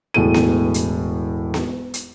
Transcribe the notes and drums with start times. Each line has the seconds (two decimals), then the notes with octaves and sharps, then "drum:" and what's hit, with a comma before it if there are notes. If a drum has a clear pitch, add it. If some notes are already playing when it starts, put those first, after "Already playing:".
0.14 E1 A2 A4 D#7
0.34 drum: snare B3
0.74 drum: hi-hat
1.54 drum: snare B3
1.94 drum: hi-hat